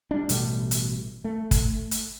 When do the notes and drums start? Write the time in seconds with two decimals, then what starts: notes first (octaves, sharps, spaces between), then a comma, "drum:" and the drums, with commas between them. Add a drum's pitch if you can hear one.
0.11 G3 D4
0.29 A1 B2 G3 A3, drum: hi-hat
0.71 drum: hi-hat
1.24 A3
1.51 drum: kick, hi-hat
1.91 drum: hi-hat